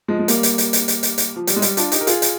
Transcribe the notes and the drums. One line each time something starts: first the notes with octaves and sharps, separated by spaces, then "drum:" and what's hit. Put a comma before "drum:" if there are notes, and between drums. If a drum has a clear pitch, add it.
F3 G#3
G#3
G3 A#3, drum: hi-hat
drum: hi-hat
drum: hi-hat
drum: hi-hat
drum: hi-hat
drum: hi-hat
drum: hi-hat
F3
G3, drum: hi-hat
G#3
G3, drum: hi-hat
D4 F4, drum: hi-hat
D#4 G4, drum: hi-hat
A#4
F4 G#4, drum: hi-hat
drum: hi-hat